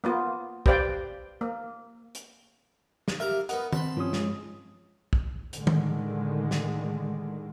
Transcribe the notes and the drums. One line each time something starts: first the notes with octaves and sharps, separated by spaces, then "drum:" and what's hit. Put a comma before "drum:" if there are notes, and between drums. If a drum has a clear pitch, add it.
A#3 B3 F4
G4 B4 C5 D5 F5 G5, drum: kick
A#3
drum: hi-hat
drum: snare
G4 A#4 E5 F5 A#5
B3 D#4 A#4 F#5, drum: hi-hat
C4 A5 B5 C6, drum: tom
G2 F3 C#4 D#6
G#3, drum: snare
drum: kick
A2 D3 D#3 G#3, drum: hi-hat
drum: tom
drum: snare